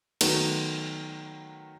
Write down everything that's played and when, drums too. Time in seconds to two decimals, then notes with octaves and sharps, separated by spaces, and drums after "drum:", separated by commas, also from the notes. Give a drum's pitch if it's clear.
0.21 D#3 F#3 A3 B3, drum: cymbal